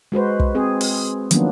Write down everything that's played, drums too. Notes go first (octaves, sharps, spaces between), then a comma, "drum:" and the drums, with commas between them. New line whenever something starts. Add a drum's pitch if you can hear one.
G#3 F#4 B4 C5
drum: kick
C4 G#4
drum: open hi-hat
D#3 F3 F#3 A#3 B3 D4, drum: hi-hat